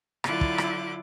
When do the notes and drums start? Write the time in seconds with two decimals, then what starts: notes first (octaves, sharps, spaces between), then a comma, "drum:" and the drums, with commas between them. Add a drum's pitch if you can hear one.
0.24 D3 F#3 E4 F4 D6 F#6, drum: rim click
0.41 drum: kick
0.58 drum: rim click